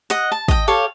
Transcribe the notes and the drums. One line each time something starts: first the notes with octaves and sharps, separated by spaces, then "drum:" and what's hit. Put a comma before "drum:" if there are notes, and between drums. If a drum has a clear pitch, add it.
D#5 F#5, drum: hi-hat
A5
D#5 G5, drum: kick
G4 A4 C#5 F5